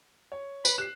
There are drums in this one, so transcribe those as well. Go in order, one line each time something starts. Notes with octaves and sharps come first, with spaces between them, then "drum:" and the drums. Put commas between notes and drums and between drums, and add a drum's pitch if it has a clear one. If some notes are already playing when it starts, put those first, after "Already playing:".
C#5
B4 B5, drum: tambourine
G4 F#6 C7 E7